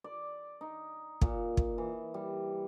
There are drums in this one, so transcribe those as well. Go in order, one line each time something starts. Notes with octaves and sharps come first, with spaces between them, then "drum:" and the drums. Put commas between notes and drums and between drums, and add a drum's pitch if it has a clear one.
D5
D#4
A#2, drum: kick
drum: kick
E3
G3